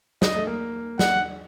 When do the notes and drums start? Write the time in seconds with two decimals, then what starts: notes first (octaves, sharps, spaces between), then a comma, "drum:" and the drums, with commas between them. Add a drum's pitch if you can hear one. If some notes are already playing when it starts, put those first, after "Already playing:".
0.22 D#5, drum: snare
0.35 A3
0.47 A#3
0.99 F#5, drum: snare